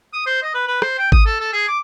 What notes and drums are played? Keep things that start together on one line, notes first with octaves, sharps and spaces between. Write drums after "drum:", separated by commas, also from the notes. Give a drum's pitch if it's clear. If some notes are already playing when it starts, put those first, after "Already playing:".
D#6
C5
D#5
B4
B4
C5, drum: rim click
G5
D#6, drum: kick G#1
A4
A4
G#4
D6